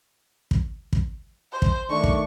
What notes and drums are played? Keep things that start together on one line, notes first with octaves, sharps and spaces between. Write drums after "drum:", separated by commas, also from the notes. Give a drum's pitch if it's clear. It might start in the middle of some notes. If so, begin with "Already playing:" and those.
drum: kick
drum: kick
C5
drum: kick
D#3 A3 D4 C#6
drum: kick